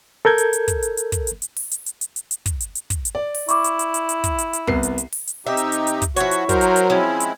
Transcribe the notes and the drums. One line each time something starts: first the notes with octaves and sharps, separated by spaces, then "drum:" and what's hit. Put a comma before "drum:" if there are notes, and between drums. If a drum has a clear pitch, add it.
A4 A#4 G6 G#6
drum: hi-hat
drum: hi-hat
drum: kick, hi-hat
drum: hi-hat
drum: hi-hat
drum: kick, hi-hat
drum: hi-hat
drum: hi-hat
drum: open hi-hat
drum: hi-hat
drum: hi-hat
drum: hi-hat
drum: hi-hat
drum: hi-hat
drum: kick, hi-hat
drum: hi-hat
drum: hi-hat
drum: kick, hi-hat
drum: hi-hat
D5
drum: open hi-hat
E4 C#6 D6, drum: hi-hat
drum: hi-hat
drum: hi-hat
drum: hi-hat
drum: hi-hat
drum: kick, hi-hat
drum: hi-hat
drum: hi-hat
C2 B3 C7, drum: kick
drum: hi-hat
drum: hi-hat
drum: open hi-hat
drum: hi-hat
C3 D#4 G4 E5
drum: hi-hat
drum: hi-hat
drum: hi-hat
drum: kick, hi-hat
F3 E4 F#4 C#5, drum: hi-hat
drum: hi-hat
F#3 A#4 C5, drum: kick, hi-hat
drum: hi-hat
drum: hi-hat
F3 G#3 C4 C#4 E4
drum: hi-hat